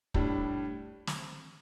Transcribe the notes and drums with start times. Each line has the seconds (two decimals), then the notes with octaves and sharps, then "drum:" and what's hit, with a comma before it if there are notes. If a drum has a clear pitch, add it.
0.14 A2 G3 D4, drum: kick
1.07 drum: snare